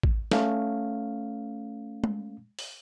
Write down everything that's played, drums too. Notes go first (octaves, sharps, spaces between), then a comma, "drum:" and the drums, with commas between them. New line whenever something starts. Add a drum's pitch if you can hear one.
drum: kick A1
A3 C#4 F5, drum: snare
drum: tom G#3
drum: open hi-hat